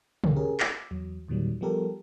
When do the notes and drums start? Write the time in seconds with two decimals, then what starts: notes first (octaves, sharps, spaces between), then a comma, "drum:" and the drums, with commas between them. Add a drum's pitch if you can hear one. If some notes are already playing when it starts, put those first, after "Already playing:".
0.24 C#2 G#2 B2, drum: tom
0.36 C#4 G4 G#4 A#4
0.60 D6 E6, drum: clap
0.91 E2 F#3
1.28 E2 A#2 D#3 F#3 G3
1.61 F3 G3 B3 G4 A4 A#4